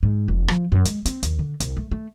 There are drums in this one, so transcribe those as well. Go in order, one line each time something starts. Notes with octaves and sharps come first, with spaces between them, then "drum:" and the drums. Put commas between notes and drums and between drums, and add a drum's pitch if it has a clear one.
G#2
F1
F3, drum: rim click
F#2
G#3, drum: hi-hat
C4, drum: hi-hat
D#2, drum: hi-hat
D3
C2, drum: hi-hat
A3
A3